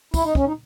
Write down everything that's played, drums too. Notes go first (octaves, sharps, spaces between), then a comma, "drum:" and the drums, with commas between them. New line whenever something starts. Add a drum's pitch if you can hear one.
E4, drum: kick, tambourine
D#4
C#4, drum: kick
D#4